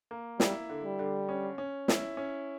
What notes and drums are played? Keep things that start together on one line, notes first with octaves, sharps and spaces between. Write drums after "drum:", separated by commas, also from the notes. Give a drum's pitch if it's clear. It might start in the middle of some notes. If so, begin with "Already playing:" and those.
A#3
G3 E4, drum: snare
D3
G3
D3
C#4
C#4
E4, drum: snare
C#4